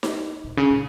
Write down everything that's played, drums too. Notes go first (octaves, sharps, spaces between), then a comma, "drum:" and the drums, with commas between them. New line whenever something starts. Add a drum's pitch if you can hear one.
drum: snare D#4
A#2
C#3
A#2